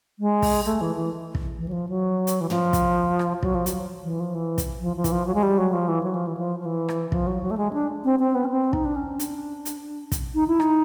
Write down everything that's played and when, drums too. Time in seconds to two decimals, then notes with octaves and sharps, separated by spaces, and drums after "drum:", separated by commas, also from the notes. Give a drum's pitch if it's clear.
0.19 G#3
0.42 drum: kick, open hi-hat
0.65 A3
0.81 E3
0.96 E3
1.35 drum: kick
1.58 E3
1.68 F#3
1.72 F3
1.89 F#3
2.27 drum: hi-hat
2.41 E3
2.50 F3, drum: tom
2.73 drum: kick, hi-hat
3.19 drum: rim click
3.43 F#3, drum: kick
3.55 F3
3.66 F#3, drum: hi-hat
4.03 E3
4.20 F3
4.35 E3
4.58 drum: kick, hi-hat
4.81 F3
4.97 F3
5.04 E3, drum: kick, hi-hat
5.12 F3
5.27 F#3
5.34 G#3
5.43 G3
5.58 F#3
5.73 F3
5.88 E3
6.03 F#3
6.15 F3
6.27 E3
6.37 F3
6.59 F3
6.65 E3
6.88 drum: rim click
7.12 F3, drum: kick
7.27 F#3
7.42 F#3
7.51 A3
7.58 G#3
7.73 D4
8.04 C4
8.19 C4
8.35 B3
8.44 C#4
8.50 C4
8.73 D#4, drum: kick
8.85 D4
8.96 C#4
9.19 D4, drum: hi-hat
9.65 drum: hi-hat
10.12 drum: kick, hi-hat
10.35 D#4
10.48 E4
10.60 D#4, drum: rim click